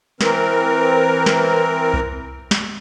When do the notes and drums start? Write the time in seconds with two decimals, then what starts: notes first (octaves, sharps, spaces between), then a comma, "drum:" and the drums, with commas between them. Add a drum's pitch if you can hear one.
0.21 E3 C4 A#4, drum: snare
1.26 drum: snare
1.94 drum: kick C2
2.51 drum: snare